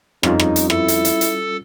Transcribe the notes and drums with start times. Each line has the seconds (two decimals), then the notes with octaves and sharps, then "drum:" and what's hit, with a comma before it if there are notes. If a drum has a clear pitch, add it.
0.23 F2 G3 C#4 D#4 F4, drum: rim click
0.40 drum: rim click
0.56 drum: hi-hat
0.70 E4 A4, drum: rim click
0.88 drum: hi-hat
1.05 drum: hi-hat
1.21 drum: hi-hat